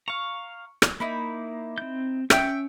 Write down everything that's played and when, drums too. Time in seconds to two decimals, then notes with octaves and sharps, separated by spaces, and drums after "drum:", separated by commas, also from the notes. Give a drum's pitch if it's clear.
0.08 F5 A#5 C#6
0.82 drum: rim click
1.00 A#3 D#4 E4 B5
1.78 C4 G6
2.30 C#4 E5 G5, drum: rim click